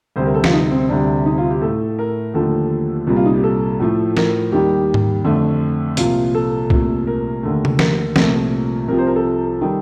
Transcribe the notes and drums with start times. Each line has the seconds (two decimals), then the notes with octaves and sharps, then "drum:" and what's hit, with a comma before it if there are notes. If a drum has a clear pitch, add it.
0.16 D2 C3 G3 C5
0.26 A#4
0.34 A4
0.44 F4, drum: snare
0.53 D#4
0.71 C4
0.89 D2 C3 G3 D4
1.26 D#4
1.38 F4
1.50 G4
1.61 A2 A3 A4
1.99 A#4
2.34 D#2 D3 F3 A3 A4
3.07 C2 A#2 G3
3.16 F4
3.25 D#4
3.34 G4
3.44 A4
3.79 A2 F3 A3
4.17 A#4, drum: snare
4.52 D#2 D#3 G3 G4
4.94 drum: tom G#2
5.24 F2 D3 A3
5.97 C2 A#2 F3 F4, drum: hi-hat
6.35 A4
6.70 C2 A#2 A3, drum: kick
7.07 A#4
7.43 D#2 D3 A3
7.65 drum: tom C3
7.79 A#4, drum: snare
8.16 C2 A#2 F3 A3, drum: snare
8.88 C2 C3 F3 A#4
8.98 C5
9.07 A#4
9.16 A4
9.61 D#3 G3